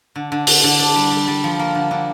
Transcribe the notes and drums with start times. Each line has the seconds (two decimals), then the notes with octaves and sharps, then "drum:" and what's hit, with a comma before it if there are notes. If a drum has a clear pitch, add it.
0.16 D3
0.32 D3
0.47 D3, drum: open hi-hat
0.64 D3
0.79 D4
0.95 G3
1.11 G3
1.28 G3
1.44 F3
1.59 A#3
1.75 D3
1.91 D3